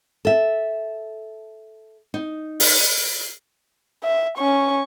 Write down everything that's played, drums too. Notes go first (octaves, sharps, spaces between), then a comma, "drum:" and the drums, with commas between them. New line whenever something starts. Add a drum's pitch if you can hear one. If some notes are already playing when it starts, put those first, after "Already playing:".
A4 E5
D#4
drum: open hi-hat
E5
C#4 C#6